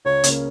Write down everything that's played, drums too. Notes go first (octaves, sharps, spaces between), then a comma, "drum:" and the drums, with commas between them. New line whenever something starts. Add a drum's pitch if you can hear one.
C#2 C#5
C#3 A#3 C#4, drum: hi-hat